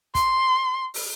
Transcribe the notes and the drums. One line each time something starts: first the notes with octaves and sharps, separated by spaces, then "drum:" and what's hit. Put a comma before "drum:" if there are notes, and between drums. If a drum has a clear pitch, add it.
C6, drum: kick, hi-hat
drum: open hi-hat